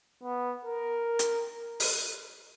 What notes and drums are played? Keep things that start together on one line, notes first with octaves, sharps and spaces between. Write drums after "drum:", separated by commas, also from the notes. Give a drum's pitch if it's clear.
B3
A#4
drum: hi-hat
drum: open hi-hat